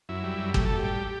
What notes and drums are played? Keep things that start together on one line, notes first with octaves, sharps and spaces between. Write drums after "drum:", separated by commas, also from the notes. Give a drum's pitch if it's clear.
F#2 E4
G3
F#2
A2 G4, drum: kick
A2 A4
G4
G3